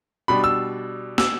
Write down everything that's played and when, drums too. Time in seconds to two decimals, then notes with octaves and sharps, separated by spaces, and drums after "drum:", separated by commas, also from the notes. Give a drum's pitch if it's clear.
0.28 B2 G3 D4 B5
0.44 E6
1.18 E6, drum: snare